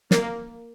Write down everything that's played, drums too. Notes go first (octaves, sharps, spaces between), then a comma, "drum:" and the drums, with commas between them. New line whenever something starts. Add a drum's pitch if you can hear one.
A#3, drum: snare